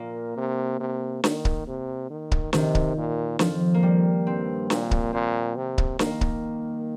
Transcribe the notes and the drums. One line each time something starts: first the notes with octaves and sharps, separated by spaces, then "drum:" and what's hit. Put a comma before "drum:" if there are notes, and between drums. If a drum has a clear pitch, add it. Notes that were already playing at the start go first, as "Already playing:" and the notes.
Already playing: A#2 A#3
C3
C3
D#3, drum: snare
drum: kick C#1
C3
D#3
drum: kick C#1
C3 D#3, drum: snare
drum: kick C#1
A#2
F2 F3, drum: snare
A#3
G3
G2 C4
A#2, drum: snare
drum: kick C#1
A#2 C4
C3
drum: kick C#1
D#3 A#3, drum: snare
drum: kick C#1